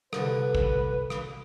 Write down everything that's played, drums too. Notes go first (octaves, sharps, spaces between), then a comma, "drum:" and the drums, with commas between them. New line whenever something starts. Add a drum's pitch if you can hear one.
C2 D3 B4, drum: rim click
drum: kick
drum: rim click